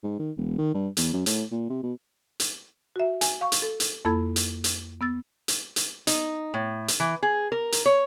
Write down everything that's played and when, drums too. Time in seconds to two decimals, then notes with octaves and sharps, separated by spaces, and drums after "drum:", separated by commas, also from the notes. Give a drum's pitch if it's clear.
0.03 G#2
0.19 D#3
0.37 E1
0.58 D#3
0.74 G2
0.97 E2, drum: hi-hat
1.13 F#2
1.26 A2, drum: hi-hat
1.51 A#2
1.69 C3
1.83 B2
2.40 drum: hi-hat
2.96 F#4 E5
3.21 G#5, drum: hi-hat
3.41 F5 C#6
3.52 drum: hi-hat
3.62 A4
3.80 drum: hi-hat
4.05 F2 A#3 E4 A4 B5 G#6
4.36 drum: hi-hat
4.64 drum: hi-hat
5.01 B3 E6 A6
5.48 drum: hi-hat
5.76 drum: hi-hat
6.07 D#4, drum: hi-hat
6.54 A2
6.88 drum: hi-hat
7.00 E3
7.23 G#4
7.52 A#4
7.72 drum: hi-hat
7.86 C#5